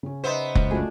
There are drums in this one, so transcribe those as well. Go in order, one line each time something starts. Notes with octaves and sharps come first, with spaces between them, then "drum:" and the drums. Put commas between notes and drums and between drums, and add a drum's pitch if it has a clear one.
C#3 C#4
B3 D#4 C5 E5
C#2 F#2, drum: kick F1
A3 D4 F4 F#4 G#4